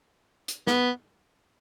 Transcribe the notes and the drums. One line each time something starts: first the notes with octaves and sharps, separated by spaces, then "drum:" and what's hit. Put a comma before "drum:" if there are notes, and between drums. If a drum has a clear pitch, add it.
drum: hi-hat
B3, drum: snare